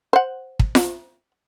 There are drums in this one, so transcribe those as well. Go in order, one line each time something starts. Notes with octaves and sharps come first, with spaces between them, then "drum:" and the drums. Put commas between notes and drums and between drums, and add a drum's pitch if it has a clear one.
C5 F#5
drum: kick
drum: snare F4